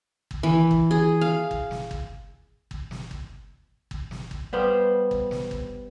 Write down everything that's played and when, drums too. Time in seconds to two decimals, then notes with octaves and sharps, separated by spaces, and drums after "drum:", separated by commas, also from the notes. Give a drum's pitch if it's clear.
0.31 drum: kick G1
0.43 E3
0.71 drum: kick G1
0.91 G#4
1.21 F5
1.51 drum: kick G1
1.71 drum: snare
1.91 drum: kick G1
2.71 drum: kick G1
2.91 drum: snare
3.11 drum: kick G1
3.91 drum: kick G1
4.11 drum: snare
4.31 drum: kick G1
4.53 G3 B3 C5 F5
5.11 drum: kick G1
5.31 drum: snare
5.51 drum: kick G1